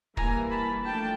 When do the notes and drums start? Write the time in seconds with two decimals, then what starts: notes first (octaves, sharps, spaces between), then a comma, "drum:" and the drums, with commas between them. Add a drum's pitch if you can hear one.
0.17 E3 G3 A#3 G#5 A#5, drum: kick
0.51 A5 B5
0.84 F3 A3 D4 G5 A5